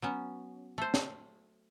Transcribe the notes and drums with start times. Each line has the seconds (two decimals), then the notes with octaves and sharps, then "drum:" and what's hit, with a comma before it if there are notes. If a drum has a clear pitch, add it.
0.02 F#3 B3 C#4
0.78 A3 C5
0.94 drum: snare